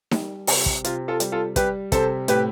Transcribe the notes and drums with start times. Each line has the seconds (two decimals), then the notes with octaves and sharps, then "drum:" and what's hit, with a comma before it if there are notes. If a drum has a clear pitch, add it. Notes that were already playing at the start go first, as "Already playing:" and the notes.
0.11 G3, drum: snare D#4
0.47 C3, drum: open hi-hat
0.66 drum: kick
0.84 C3 F4, drum: hi-hat
1.08 F4 A4
1.20 G3, drum: hi-hat
1.32 F4 A4
1.56 G3 G4 B4, drum: kick, hi-hat
1.92 C3 A4 C5, drum: kick, hi-hat
2.28 A2 G4 B4, drum: hi-hat